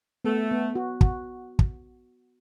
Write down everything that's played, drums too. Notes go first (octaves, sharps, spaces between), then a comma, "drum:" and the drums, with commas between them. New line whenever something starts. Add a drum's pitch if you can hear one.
A3 B3
B3
F#4
F#4, drum: kick
drum: kick